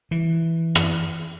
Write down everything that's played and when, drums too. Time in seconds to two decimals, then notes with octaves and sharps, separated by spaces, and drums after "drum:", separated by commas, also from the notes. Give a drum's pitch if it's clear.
0.11 E3
0.75 drum: rim click